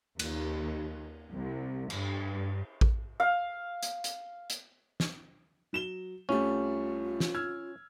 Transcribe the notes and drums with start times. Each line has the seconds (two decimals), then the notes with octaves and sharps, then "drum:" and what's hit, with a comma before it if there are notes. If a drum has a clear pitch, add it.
0.19 D#2, drum: cymbal
1.31 C2
1.90 G2, drum: cymbal
2.81 drum: kick A1
3.20 F5
3.83 drum: hi-hat
4.04 drum: hi-hat
4.50 drum: hi-hat
5.00 drum: snare
5.73 F#3 E7 G7
6.29 C2 G3 A3 C#4 F4
7.20 drum: snare
7.35 E6 F6 G#6